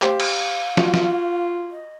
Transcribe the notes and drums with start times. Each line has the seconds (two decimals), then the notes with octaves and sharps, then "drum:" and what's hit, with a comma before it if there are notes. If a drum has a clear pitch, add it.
0.02 G4 C5 F5, drum: clap
0.20 drum: cymbal
0.77 F4 F#4, drum: snare
0.94 drum: snare
1.71 D#5